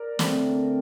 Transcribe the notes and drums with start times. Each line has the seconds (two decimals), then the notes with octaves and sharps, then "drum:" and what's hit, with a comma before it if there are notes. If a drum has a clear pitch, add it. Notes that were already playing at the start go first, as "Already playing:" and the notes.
Already playing: A#4 D5
0.19 D3 A3 C4, drum: snare